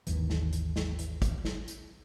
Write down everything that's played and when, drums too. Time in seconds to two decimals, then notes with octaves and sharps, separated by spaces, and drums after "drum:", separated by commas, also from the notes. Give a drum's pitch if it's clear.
0.07 G#1 D#2 E3, drum: hi-hat
0.30 drum: snare
0.53 drum: hi-hat
0.76 drum: snare
0.99 drum: hi-hat
1.22 drum: kick, hi-hat
1.45 drum: snare
1.68 drum: hi-hat